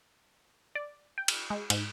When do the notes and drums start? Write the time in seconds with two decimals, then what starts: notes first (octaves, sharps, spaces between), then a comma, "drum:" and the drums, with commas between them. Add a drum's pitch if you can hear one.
0.75 D5
1.18 G5
1.28 drum: cymbal
1.50 G#3
1.70 G#2, drum: cymbal